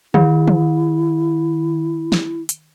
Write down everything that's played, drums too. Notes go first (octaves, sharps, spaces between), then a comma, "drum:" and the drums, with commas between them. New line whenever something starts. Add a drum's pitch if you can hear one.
D#3 E4, drum: tom
drum: tom
drum: snare
drum: hi-hat